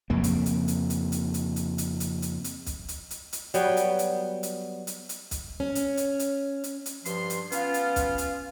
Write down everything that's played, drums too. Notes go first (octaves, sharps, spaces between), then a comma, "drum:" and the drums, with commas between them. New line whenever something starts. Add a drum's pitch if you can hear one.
F2 C#3 A#3
drum: hi-hat
drum: hi-hat
drum: hi-hat
drum: hi-hat
drum: hi-hat
drum: hi-hat
drum: hi-hat
drum: hi-hat
drum: hi-hat
drum: hi-hat
drum: hi-hat
drum: kick B1, hi-hat
drum: hi-hat
drum: hi-hat
drum: hi-hat
F#3 G3 B3 G5, drum: hi-hat
drum: hi-hat
drum: hi-hat
drum: hi-hat
drum: hi-hat
drum: hi-hat
drum: kick B1, hi-hat
C#4
drum: hi-hat
drum: hi-hat
drum: hi-hat
drum: hi-hat
drum: hi-hat
G2 F3 C6, drum: hi-hat
drum: hi-hat
B3 C#4 F4, drum: hi-hat
drum: hi-hat
drum: kick B1, hi-hat
drum: hi-hat